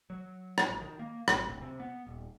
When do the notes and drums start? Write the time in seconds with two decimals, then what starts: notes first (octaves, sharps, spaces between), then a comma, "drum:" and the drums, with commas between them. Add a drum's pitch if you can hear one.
0.10 F#3
0.58 drum: rim click
0.69 A1
0.82 D#3
0.99 A#3
1.28 G#1, drum: rim click
1.47 D1
1.61 C3
1.80 B3
2.07 D#1